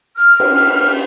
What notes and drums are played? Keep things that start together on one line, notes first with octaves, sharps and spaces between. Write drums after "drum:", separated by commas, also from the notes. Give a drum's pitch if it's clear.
F6
drum: cymbal